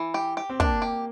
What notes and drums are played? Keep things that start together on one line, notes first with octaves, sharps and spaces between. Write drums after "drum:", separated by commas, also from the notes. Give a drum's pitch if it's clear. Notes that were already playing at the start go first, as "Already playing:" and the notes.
Already playing: E3
G4
G4
C4
A#3 D4, drum: kick
G4